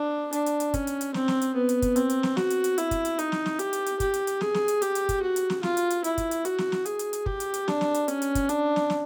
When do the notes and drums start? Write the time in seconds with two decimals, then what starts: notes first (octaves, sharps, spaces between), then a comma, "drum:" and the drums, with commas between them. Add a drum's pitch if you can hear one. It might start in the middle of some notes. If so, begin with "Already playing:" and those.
Already playing: D4
0.33 D4, drum: hi-hat
0.46 drum: hi-hat
0.60 drum: hi-hat
0.74 C#4, drum: kick, hi-hat
0.87 drum: hi-hat
1.01 drum: hi-hat
1.14 C4, drum: snare
1.28 drum: snare
1.42 drum: hi-hat
1.55 B3
1.69 drum: hi-hat
1.82 drum: kick, hi-hat
1.96 C4, drum: hi-hat
2.10 drum: hi-hat
2.23 drum: snare
2.37 F#4, drum: snare
2.50 drum: hi-hat
2.64 drum: hi-hat
2.78 E4, drum: hi-hat
2.91 drum: kick, hi-hat
3.05 drum: hi-hat
3.19 D#4, drum: hi-hat
3.32 drum: snare
3.46 drum: snare
3.59 G4, drum: hi-hat
3.73 drum: hi-hat
3.86 drum: hi-hat
4.00 G4, drum: kick, hi-hat
4.14 drum: hi-hat
4.27 drum: hi-hat
4.41 G#4, drum: snare
4.54 drum: snare
4.68 drum: hi-hat
4.82 G4, drum: hi-hat
4.95 drum: hi-hat
5.09 drum: kick, hi-hat
5.22 F#4
5.36 drum: hi-hat
5.50 drum: snare
5.63 F4, drum: snare
5.77 drum: hi-hat
5.90 drum: hi-hat
6.04 E4, drum: hi-hat
6.18 drum: kick, hi-hat
6.31 drum: hi-hat
6.45 F#4, drum: hi-hat
6.58 drum: snare
6.72 drum: snare
6.86 G#4, drum: hi-hat
6.99 drum: hi-hat
7.13 drum: hi-hat
7.26 G4, drum: kick
7.40 drum: hi-hat
7.54 drum: hi-hat
7.68 D4, drum: snare
7.81 drum: snare
7.94 drum: hi-hat
8.08 C#4, drum: hi-hat
8.22 drum: hi-hat
8.35 drum: kick, hi-hat
8.49 D4, drum: hi-hat
8.76 drum: snare
8.90 drum: snare